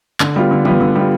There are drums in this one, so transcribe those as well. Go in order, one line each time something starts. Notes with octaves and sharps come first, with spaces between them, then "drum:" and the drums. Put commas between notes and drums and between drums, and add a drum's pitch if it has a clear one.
D3, drum: clap
G3 B3 F4
D3
G3 B3 F4, drum: tom E3
D3
G3 B3 F4